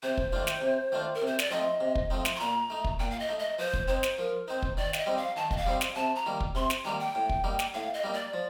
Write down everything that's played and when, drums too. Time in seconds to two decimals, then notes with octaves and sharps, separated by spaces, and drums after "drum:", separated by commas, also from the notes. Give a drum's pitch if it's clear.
0.03 C3 C5
0.17 drum: kick
0.32 D#3 A3 D4 F4
0.47 drum: snare
0.61 C3
0.92 D#3 A3 D4 F4
1.15 A#4
1.22 C3 C5
1.39 D5, drum: snare
1.50 F3 A3 C4 D#4 D#5
1.81 C3
1.95 drum: kick
2.10 F3 A3 C4 D#4
2.25 drum: snare
2.36 C6
2.40 A#2 A#5
2.70 A3 D#4
2.84 drum: kick
2.99 A#2 G5
3.11 F5
3.19 D#5
3.29 A3 D#4
3.39 D#5
3.58 F3 C5
3.73 drum: kick
3.88 C4 D#4 C5
4.03 drum: snare
4.18 F3 A#4
4.47 C4 D#4 C5
4.62 drum: kick
4.77 D#3 D5
4.93 F5, drum: snare
4.97 D#5
5.06 G3 C4 D#4
5.17 F5
5.36 D#3 A5
5.51 D#5, drum: kick
5.57 F5
5.66 G3 C4 D#4
5.81 drum: snare
5.96 C3 A5
6.15 A#5
6.26 D#3 G3 A#3
6.40 drum: kick
6.55 C3 C6
6.70 drum: snare
6.85 D#3 G3 A#3 A#5
6.99 G5
7.15 A2
7.29 drum: kick
7.44 G3 A#3 D#4
7.59 drum: snare
7.74 A2 F5
7.94 D#5
8.04 G3 A#3 D#4
8.13 D5
8.34 F3